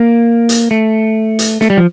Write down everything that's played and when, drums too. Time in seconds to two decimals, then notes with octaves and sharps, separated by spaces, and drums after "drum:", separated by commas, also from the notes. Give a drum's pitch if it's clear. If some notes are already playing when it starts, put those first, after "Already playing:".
Already playing: A#3
0.49 drum: hi-hat
0.71 A3
1.39 drum: hi-hat
1.61 A3, drum: snare
1.70 G3
1.77 F3